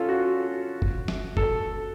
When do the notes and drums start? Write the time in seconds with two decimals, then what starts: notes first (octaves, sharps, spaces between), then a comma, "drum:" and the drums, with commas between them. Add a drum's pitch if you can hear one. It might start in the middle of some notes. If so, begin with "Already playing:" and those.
Already playing: C#4 F4 A4
0.09 F#4
0.82 drum: kick
1.08 drum: snare
1.37 A4, drum: kick